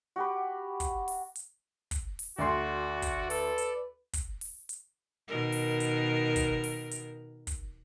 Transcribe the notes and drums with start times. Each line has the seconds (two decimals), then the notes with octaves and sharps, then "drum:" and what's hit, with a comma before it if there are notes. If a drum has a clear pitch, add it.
0.16 F#4 G4 B4
0.80 drum: kick, hi-hat
1.08 drum: open hi-hat
1.35 drum: hi-hat
1.91 drum: kick, hi-hat
2.19 drum: open hi-hat
2.38 D2 F#4 D5 C6
3.02 drum: kick, hi-hat
3.30 A4 B4, drum: open hi-hat
3.58 drum: hi-hat
4.13 drum: kick, hi-hat
4.41 drum: open hi-hat
4.69 drum: hi-hat
5.28 B2 D#3 A#4
5.52 drum: open hi-hat
5.80 drum: hi-hat
6.36 drum: kick, hi-hat
6.64 drum: open hi-hat
6.91 drum: hi-hat
7.47 drum: kick, hi-hat